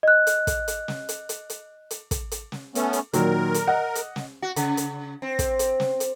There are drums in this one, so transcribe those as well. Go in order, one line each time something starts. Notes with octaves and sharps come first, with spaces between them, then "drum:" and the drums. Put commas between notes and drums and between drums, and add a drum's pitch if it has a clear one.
D#5 F#6
drum: hi-hat
drum: kick, hi-hat
drum: hi-hat
drum: snare
drum: hi-hat
drum: hi-hat
drum: hi-hat
drum: hi-hat
drum: kick, hi-hat
drum: hi-hat
drum: snare
A3 B3 C#4, drum: hi-hat
drum: hi-hat
A#2 D#3 F#3 A#4, drum: hi-hat
drum: hi-hat
D#5 F#5
drum: hi-hat
drum: snare
F#4
C#3, drum: hi-hat
drum: hi-hat
C4
drum: kick, hi-hat
drum: hi-hat
drum: snare
drum: hi-hat